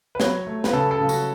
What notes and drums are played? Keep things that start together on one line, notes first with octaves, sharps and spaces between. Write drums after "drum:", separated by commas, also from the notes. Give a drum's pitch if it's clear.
B4
F#3 C#5, drum: snare
A3
B4, drum: snare
C#3 A4
A4
C#3
F#4, drum: tambourine